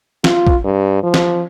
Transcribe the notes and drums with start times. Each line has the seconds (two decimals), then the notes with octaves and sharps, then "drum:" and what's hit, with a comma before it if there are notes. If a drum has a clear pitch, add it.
0.24 F4, drum: snare
0.47 drum: kick
0.65 G2
1.03 F3
1.14 drum: snare